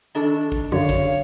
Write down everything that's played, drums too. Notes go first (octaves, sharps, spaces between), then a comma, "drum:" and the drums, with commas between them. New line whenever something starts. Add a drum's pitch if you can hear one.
D#3 D4 A4
drum: kick A1
F#2 D3 C#5 F5
drum: kick A1, hi-hat